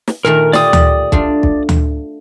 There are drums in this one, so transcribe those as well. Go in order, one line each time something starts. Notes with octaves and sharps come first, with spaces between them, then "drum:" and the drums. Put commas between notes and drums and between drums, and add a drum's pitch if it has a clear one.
drum: snare
A#2 D#3 A3 A#4
F4 G4 D5 D#6, drum: snare
drum: tom D2
A3 D4 F4, drum: kick
drum: kick
drum: tom D2